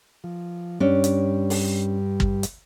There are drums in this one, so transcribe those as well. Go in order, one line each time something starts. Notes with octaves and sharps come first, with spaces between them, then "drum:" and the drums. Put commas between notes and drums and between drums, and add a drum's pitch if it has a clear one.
F3
G2 G3 C#4 D4
drum: hi-hat
drum: open hi-hat
drum: kick
drum: hi-hat